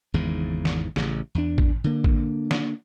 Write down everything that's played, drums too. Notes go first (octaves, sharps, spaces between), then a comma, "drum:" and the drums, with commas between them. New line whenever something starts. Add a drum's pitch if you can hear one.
G#1 E2 G#2 C#3
drum: snare
A1 C#3, drum: snare
E2 D4
drum: kick A1
D3 A#3
drum: kick A1
drum: snare